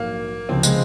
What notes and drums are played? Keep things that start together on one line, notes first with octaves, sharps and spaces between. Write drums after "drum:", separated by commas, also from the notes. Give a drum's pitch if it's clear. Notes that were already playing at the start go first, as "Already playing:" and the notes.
Already playing: A#1 G#2 F#3 A#3
C#2 C3 F3 C4
G#3, drum: tambourine